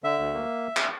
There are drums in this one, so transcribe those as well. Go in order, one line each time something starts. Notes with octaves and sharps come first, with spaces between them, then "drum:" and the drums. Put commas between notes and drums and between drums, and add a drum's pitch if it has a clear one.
D3 E5
D2
A#3
drum: clap